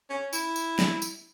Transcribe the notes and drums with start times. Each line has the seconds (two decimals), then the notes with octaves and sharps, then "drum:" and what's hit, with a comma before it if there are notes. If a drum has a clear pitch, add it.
0.10 C#4
0.33 E4, drum: tambourine
0.56 drum: tambourine
0.79 drum: snare
1.02 drum: tambourine